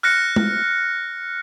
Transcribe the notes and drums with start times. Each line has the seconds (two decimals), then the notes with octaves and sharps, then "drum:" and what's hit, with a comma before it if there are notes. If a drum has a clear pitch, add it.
0.03 F6 F#6 A#6 C#7
0.36 drum: tom G#3